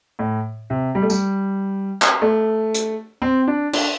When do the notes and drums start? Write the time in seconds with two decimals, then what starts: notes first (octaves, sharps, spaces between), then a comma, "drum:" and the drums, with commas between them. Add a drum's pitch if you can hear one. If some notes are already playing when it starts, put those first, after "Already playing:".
0.19 A2
0.70 C3
0.95 G3
1.02 A3
1.10 G3, drum: tambourine
2.02 drum: clap
2.22 A3
2.74 drum: hi-hat
3.22 C4
3.48 D4
3.73 D4, drum: cymbal